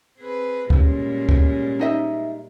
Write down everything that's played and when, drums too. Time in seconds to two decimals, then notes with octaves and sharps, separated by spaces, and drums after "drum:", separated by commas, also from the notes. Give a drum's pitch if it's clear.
0.19 C4 G#4 B4
0.70 A#2 G3 G#3 C#4, drum: kick
1.29 drum: kick
1.79 D#4 D#5 E5